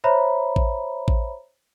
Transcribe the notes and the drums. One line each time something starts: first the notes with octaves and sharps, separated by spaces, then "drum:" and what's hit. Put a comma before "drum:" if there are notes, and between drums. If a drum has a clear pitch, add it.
C5 C#5 E5 A#5 B5
drum: kick A1
drum: kick A1